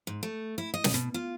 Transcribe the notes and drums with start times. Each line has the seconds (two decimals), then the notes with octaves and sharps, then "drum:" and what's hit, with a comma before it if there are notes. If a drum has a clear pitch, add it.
0.07 G#2
0.23 A3
0.58 E4
0.74 D#5
0.84 drum: snare
0.94 B2
1.14 F4